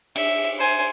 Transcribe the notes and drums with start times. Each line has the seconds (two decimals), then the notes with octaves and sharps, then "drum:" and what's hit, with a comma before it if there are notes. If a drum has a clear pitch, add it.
0.16 E5, drum: cymbal
0.58 C5 G#5